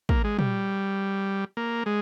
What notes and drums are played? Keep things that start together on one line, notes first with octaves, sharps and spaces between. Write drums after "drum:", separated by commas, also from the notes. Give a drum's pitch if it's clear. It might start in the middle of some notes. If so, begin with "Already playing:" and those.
A#3, drum: kick
G#3
G3, drum: tom
A#3
G#3